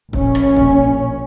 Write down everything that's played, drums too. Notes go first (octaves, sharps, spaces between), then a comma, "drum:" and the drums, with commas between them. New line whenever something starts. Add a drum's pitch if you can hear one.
A#1 C#4, drum: kick
drum: rim click
drum: kick